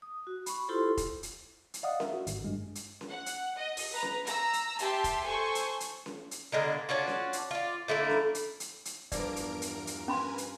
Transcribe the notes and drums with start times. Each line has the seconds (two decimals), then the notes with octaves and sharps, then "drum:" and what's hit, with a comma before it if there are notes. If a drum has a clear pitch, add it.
0.02 D#6
0.27 F#4
0.46 B5 C#6, drum: hi-hat
0.68 E4 F4 G4 A4 C5 C6
0.97 drum: kick F1, hi-hat
1.23 drum: hi-hat
1.74 drum: hi-hat
1.83 D5 D#5 F5 F#5 D#6
2.00 A#4 E5, drum: snare C#4
2.14 F#4
2.27 G#1, drum: hi-hat
2.44 G2 G#3
2.75 drum: hi-hat
3.01 drum: snare C#4
3.10 F#5
3.26 drum: hi-hat
3.57 D#5
3.77 drum: open hi-hat
3.93 B4 A#5
4.02 drum: snare C#4
4.27 A#5 E6, drum: hi-hat
4.53 drum: hi-hat
4.79 G4 E5 A5 C6, drum: hi-hat
5.04 drum: kick F1, hi-hat
5.24 A4 C5 G#5 C#6
5.55 drum: hi-hat
5.80 drum: hi-hat
6.06 drum: snare C#4
6.31 drum: hi-hat
6.52 B2 D3 G#3 A#3
6.89 C#4 D4 F4 F#4
7.07 drum: snare C#4
7.33 drum: hi-hat
7.51 F4 D5
7.88 D3 A3 A#3 E4
8.09 drum: snare C#4
8.35 drum: hi-hat
8.60 drum: hi-hat
8.85 drum: hi-hat
9.12 E2 G2 F3 A#3 A#4 D5 D7, drum: kick F1, hi-hat
9.36 drum: hi-hat
9.62 drum: hi-hat
9.87 drum: hi-hat
10.08 C#4 A#4 B4 G#5 B5 C6
10.38 drum: hi-hat